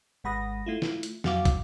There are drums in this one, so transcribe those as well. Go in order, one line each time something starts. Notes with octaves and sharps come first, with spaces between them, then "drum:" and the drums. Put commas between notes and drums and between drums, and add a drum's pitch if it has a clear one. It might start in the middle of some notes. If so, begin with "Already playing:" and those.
G#1 G#3 F#5 B5 D#6 A#6
A3 E4 F4
drum: snare
drum: hi-hat
F2 F#3 F#4 F5 D6, drum: snare
drum: kick, hi-hat